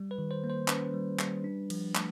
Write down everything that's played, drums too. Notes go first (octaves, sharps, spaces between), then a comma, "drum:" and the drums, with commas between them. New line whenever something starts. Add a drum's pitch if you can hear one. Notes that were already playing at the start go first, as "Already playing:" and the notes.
Already playing: G3
B4
D#3
C5
A#3
C5
C#4 B4, drum: clap
G3
G3, drum: clap
D4
F3, drum: cymbal
A3, drum: clap